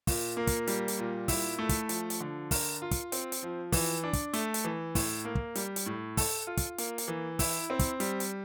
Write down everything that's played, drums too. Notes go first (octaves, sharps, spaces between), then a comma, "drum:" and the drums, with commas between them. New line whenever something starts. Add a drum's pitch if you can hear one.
A#2, drum: kick, open hi-hat
A#3
drum: kick, hi-hat
G3, drum: hi-hat
drum: hi-hat
A#2
E4, drum: kick, open hi-hat
A3
drum: kick, hi-hat
F3, drum: hi-hat
drum: hi-hat
D3
A#4, drum: kick, open hi-hat
F4
drum: kick, hi-hat
C4, drum: hi-hat
drum: hi-hat
F3
E3, drum: kick, open hi-hat
D4
drum: kick, hi-hat
A3, drum: hi-hat
drum: hi-hat
E3
A2, drum: kick, open hi-hat
A#3
drum: kick
G3, drum: hi-hat
drum: hi-hat
A2
A4, drum: kick, open hi-hat
F4
drum: kick, hi-hat
A#3, drum: hi-hat
drum: hi-hat
E3
E4, drum: kick, open hi-hat
C4
drum: kick, hi-hat
G3, drum: hi-hat
drum: hi-hat